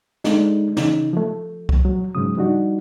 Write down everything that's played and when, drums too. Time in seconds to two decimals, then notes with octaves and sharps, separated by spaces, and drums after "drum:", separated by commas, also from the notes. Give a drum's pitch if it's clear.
0.24 G#3 A3 D4 D#4, drum: snare
0.77 C#3 E3 D#4, drum: snare
1.13 F3 A3
1.69 drum: kick C2
1.85 F#3
2.15 G#2 C#3 F#3 D#6
2.37 F3 G3 D4 D#4 F#4